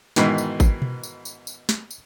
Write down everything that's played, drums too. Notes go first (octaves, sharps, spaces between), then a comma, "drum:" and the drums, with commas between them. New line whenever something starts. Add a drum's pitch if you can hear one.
G#2 B2 D#3 E3, drum: snare
drum: tambourine
drum: kick G#1, tambourine
drum: tom B2
drum: tambourine
drum: tambourine
drum: tambourine
drum: snare
drum: tambourine